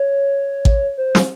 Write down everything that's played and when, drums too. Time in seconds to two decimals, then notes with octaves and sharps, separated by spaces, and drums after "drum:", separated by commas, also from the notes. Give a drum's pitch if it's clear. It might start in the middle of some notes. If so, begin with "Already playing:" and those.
Already playing: C#5
0.65 drum: kick A1
0.98 C5
1.15 drum: snare